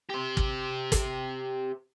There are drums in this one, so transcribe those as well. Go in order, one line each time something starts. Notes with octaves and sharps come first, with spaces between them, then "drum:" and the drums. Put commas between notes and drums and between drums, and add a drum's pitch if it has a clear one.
G4 C5
drum: kick
drum: kick, hi-hat